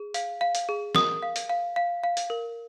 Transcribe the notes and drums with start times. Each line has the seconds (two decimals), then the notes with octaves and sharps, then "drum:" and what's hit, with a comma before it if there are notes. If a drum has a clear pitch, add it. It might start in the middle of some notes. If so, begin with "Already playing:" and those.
Already playing: G#4
0.14 F5, drum: hi-hat
0.41 F5
0.55 drum: hi-hat
0.69 G#4
0.95 A#4 D#6, drum: snare
1.23 F5
1.36 drum: hi-hat
1.50 F5
1.76 F5
2.04 F5
2.17 drum: hi-hat
2.30 A#4